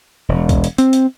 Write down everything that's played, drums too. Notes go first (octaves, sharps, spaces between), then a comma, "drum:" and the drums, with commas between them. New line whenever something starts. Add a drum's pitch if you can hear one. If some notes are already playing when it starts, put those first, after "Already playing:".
E1
drum: kick, hi-hat
drum: hi-hat
C4, drum: hi-hat
drum: hi-hat